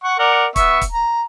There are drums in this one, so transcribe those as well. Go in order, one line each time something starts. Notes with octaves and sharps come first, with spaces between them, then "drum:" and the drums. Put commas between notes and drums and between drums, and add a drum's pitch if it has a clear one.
F#5 C#6
A#4 D5 F#5
B3 E5 C#6, drum: kick, hi-hat
drum: kick, hi-hat
A#5